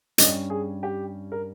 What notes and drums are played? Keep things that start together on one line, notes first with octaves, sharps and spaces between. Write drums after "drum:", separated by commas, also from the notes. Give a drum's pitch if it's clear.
G2 G3 C#4 D#5, drum: hi-hat
G#4
G4
A#4